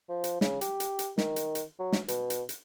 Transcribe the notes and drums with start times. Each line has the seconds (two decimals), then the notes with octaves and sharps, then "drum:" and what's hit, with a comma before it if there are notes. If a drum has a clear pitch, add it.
0.10 F3
0.24 drum: hi-hat
0.41 C#3, drum: snare
0.61 G4, drum: hi-hat
0.80 drum: hi-hat
0.99 drum: hi-hat
1.18 D#3, drum: snare
1.36 drum: hi-hat
1.55 drum: hi-hat
1.80 F#3
1.92 drum: snare
2.08 B2, drum: hi-hat
2.30 drum: hi-hat
2.49 drum: hi-hat